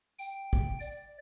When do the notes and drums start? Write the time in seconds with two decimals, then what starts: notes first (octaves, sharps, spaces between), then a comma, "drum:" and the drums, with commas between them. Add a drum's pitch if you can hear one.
0.19 G5, drum: tambourine
0.53 drum: kick
0.80 D5, drum: tambourine